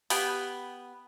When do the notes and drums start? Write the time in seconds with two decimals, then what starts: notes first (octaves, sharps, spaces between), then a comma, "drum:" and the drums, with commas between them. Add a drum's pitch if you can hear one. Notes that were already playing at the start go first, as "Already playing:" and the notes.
0.10 B3 G4 G5, drum: open hi-hat